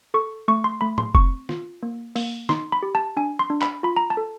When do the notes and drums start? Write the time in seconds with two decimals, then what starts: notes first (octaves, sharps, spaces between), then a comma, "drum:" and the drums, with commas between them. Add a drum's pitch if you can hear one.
0.14 A4 C#6
0.48 A3 C#6
0.64 C6
0.81 A3 B5
0.98 C6, drum: tom
1.15 C4 C#6, drum: kick F1
1.49 F4, drum: snare
1.83 A#3
2.16 A#3, drum: open hi-hat
2.49 D#4 C6, drum: snare
2.72 B5
2.83 G4
2.95 A5
3.17 D4 G#5
3.39 C6
3.50 D4
3.62 B5, drum: clap
3.83 F4 B5
3.97 A#5
4.10 A5
4.17 A4